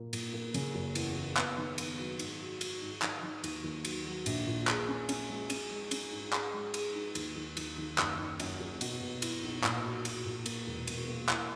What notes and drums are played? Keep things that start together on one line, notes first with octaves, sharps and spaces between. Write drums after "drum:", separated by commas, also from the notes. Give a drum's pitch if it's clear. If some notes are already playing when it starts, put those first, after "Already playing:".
Already playing: A#2 A#3
A#2, drum: cymbal
A#3
C#3, drum: cymbal
F#1
E2, drum: cymbal
E2
B3, drum: clap
D#3
B3, drum: cymbal
F#3
G#2, drum: cymbal
F#4
F#4, drum: cymbal
G#2
D#3, drum: clap
D#3
D#2, drum: cymbal
D#2
F#3, drum: cymbal
F#3
A#1, drum: cymbal
A#2
G#4, drum: clap
C#4
C#4, drum: cymbal
G#3
C#4, drum: cymbal
G#3
C#4, drum: cymbal
G#2
G#4, drum: clap
G#3
G#4, drum: cymbal
D#4
D#2, drum: cymbal
D#2
D#2, drum: cymbal
D#3
F#1, drum: clap
D#3
F#2, drum: cymbal
F#1
B2, drum: cymbal
B2
E4, drum: cymbal
B1
A#2, drum: clap
F#4
F#4, drum: cymbal
A#2
A#3, drum: cymbal
E1
B2, drum: cymbal
A#3
E2, drum: clap